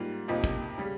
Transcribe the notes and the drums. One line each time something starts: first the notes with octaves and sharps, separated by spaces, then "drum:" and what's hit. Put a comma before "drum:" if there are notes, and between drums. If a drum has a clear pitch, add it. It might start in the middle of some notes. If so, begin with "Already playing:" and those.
Already playing: G#2 G3 A#3 F4
F2 C3 F3 A#3 D#4
drum: kick
C#3 G3